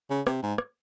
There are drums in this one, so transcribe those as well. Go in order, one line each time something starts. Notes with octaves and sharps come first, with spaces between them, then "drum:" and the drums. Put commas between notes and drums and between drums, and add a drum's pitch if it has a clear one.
C#3
C3, drum: rim click
G#2
drum: rim click